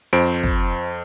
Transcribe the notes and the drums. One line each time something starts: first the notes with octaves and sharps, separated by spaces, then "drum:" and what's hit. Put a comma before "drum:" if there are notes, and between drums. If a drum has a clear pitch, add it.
F2 C5 D7
drum: kick